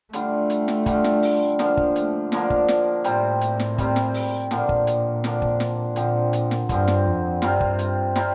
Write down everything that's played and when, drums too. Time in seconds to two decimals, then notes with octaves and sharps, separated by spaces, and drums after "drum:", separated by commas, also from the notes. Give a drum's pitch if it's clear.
0.13 D3 G3 A3 D4 F4, drum: hi-hat
0.50 drum: hi-hat
0.68 drum: snare
0.86 D3 G3 D4 F4, drum: kick, hi-hat
1.04 drum: snare
1.23 drum: open hi-hat
1.59 D3 F3 A#3 D4, drum: snare
1.77 drum: kick
1.96 A3, drum: hi-hat
2.32 D3 F3 A#3 D4, drum: snare
2.50 drum: kick
2.68 drum: snare
3.04 A2 C3 G3 C4, drum: hi-hat
3.41 drum: hi-hat
3.60 drum: snare
3.78 C3 G3 C4, drum: kick, hi-hat
3.96 drum: snare
4.14 drum: open hi-hat
4.51 A#2 D3 F3 A#3 D4, drum: snare
4.69 drum: kick
4.87 drum: hi-hat
5.24 D3 F3 A#3 D4, drum: snare
5.42 drum: kick
5.60 drum: snare
5.96 A#2 D3 F3 C4, drum: hi-hat
6.33 drum: hi-hat
6.51 drum: snare
6.69 G2 D3 F3 C4, drum: kick, hi-hat
6.88 drum: snare
7.06 F2
7.42 G2 C3 G3 C4 F4, drum: snare
7.61 drum: kick
7.79 drum: hi-hat
8.16 C3 G3 C4 F4, drum: snare